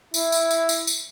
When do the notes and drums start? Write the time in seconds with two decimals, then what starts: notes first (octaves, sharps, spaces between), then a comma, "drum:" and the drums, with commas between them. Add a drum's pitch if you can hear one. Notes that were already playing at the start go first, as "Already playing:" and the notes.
0.14 E4, drum: tambourine
0.32 drum: tambourine
0.51 drum: tambourine
0.69 drum: tambourine
0.87 drum: tambourine